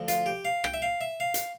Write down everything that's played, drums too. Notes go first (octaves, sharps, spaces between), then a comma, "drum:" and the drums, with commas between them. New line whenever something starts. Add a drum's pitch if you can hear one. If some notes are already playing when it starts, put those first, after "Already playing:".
Already playing: D2 D3 F3
F4, drum: hi-hat
G4
F5
G5, drum: rim click
E5
F5
E5
F5
drum: hi-hat